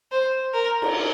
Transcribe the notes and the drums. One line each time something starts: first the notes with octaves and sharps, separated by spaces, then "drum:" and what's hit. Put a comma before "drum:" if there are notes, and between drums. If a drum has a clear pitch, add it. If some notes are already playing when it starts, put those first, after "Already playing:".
C5
A#4
drum: cymbal